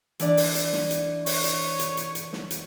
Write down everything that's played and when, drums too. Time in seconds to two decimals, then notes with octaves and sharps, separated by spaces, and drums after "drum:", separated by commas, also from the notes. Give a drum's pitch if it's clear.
0.20 E3 D4 D5, drum: hi-hat
0.37 drum: open hi-hat
0.55 drum: hi-hat
0.73 drum: snare
0.91 drum: hi-hat
1.26 C#5, drum: open hi-hat
1.44 drum: hi-hat
1.79 drum: hi-hat
1.97 drum: hi-hat
2.15 drum: hi-hat
2.33 drum: snare
2.51 drum: hi-hat